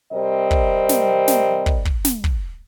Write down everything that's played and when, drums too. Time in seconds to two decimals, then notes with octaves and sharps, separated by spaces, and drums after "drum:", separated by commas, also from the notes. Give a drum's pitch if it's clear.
0.12 C3 G3 C4 A#4 D#5
0.51 drum: kick
0.89 drum: snare
1.28 drum: snare
1.66 drum: kick
1.85 drum: kick
2.05 drum: snare
2.24 drum: kick